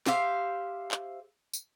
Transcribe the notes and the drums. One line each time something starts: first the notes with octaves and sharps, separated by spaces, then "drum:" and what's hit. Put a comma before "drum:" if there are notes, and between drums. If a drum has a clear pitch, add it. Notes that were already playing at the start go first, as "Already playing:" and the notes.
G4 C5 E5 F5, drum: snare
drum: clap
drum: tambourine